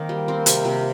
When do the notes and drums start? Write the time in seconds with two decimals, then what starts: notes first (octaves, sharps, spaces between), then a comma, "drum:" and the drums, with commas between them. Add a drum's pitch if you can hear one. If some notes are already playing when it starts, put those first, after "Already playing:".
Already playing: D#3 A#3 C4
0.09 G3
0.28 C4
0.46 C3, drum: hi-hat
0.65 C3